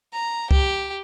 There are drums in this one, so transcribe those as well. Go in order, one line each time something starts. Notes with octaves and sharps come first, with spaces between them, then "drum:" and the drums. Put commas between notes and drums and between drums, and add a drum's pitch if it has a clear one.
A#5
G4, drum: kick C2